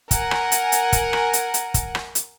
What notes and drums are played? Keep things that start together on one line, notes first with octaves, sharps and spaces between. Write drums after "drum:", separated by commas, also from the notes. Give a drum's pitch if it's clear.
A#4 F#5 G#5, drum: kick, hi-hat
drum: rim click
drum: hi-hat
drum: hi-hat
drum: kick, hi-hat
drum: rim click
drum: hi-hat
drum: hi-hat
drum: kick, hi-hat
drum: rim click
drum: hi-hat